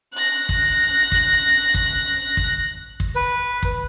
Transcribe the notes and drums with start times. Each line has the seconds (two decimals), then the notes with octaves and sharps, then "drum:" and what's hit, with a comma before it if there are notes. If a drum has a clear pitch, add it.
0.14 F#6 A#6
0.49 drum: kick
1.12 drum: kick
1.74 drum: kick
2.37 drum: kick
3.00 drum: kick
3.16 B4
3.63 drum: kick